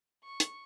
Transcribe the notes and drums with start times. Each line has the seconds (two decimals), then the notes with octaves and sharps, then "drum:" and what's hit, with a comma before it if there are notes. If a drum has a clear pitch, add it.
0.24 C#6
0.40 drum: hi-hat